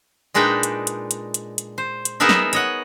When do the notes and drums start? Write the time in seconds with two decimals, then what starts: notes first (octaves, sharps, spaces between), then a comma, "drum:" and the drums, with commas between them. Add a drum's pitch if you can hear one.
0.34 A#2 G#3 D4 D#4 B4 G5
0.63 drum: hi-hat
0.87 drum: hi-hat
1.11 drum: hi-hat
1.34 drum: hi-hat
1.58 drum: hi-hat
1.78 C5
2.05 drum: hi-hat
2.20 B3 D#4 G#4 A#4 B4 E5
2.29 drum: snare
2.53 C#5 D#5 F#5, drum: hi-hat